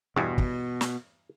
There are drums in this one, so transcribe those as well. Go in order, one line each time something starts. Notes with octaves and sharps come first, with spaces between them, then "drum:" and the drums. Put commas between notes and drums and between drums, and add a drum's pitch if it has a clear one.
E2 G2 B2
drum: kick
drum: snare